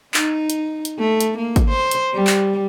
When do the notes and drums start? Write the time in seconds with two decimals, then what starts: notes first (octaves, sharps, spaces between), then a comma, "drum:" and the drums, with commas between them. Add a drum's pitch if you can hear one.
0.14 D#4, drum: clap
0.50 drum: hi-hat
0.85 drum: hi-hat
0.99 A3
1.21 drum: hi-hat
1.38 A#3
1.56 drum: kick, hi-hat
1.70 C5
1.91 drum: hi-hat
2.14 G3
2.27 drum: clap